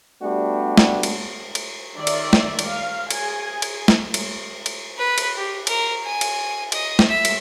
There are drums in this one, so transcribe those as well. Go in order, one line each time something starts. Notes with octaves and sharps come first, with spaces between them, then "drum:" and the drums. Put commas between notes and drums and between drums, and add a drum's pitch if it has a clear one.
G3 A3 B3 D4 F#4 G4
drum: snare
drum: cymbal
drum: cymbal
D#3 D5 E5
drum: cymbal
drum: snare
drum: cymbal
F5
G#4 G#5, drum: cymbal
drum: cymbal
drum: snare
drum: cymbal
drum: cymbal
B4
drum: cymbal
G4
A#4, drum: cymbal
G#5
drum: cymbal
D#5, drum: cymbal
drum: snare
E5
drum: cymbal